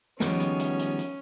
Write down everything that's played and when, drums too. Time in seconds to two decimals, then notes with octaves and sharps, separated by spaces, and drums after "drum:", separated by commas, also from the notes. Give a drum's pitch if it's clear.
0.20 D#3 F3 G3 G#3 B3 C#4, drum: snare
0.40 drum: hi-hat
0.59 drum: hi-hat
0.79 drum: hi-hat
0.99 drum: hi-hat